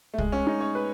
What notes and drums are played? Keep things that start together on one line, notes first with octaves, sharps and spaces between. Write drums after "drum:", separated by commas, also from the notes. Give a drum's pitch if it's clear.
A3
G#3, drum: kick
C#4
D#4
C#5
B4